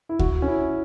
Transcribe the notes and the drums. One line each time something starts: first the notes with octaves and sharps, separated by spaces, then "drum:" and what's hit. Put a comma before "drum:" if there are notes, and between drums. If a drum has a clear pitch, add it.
E4
F#4, drum: kick D2
C#4
E4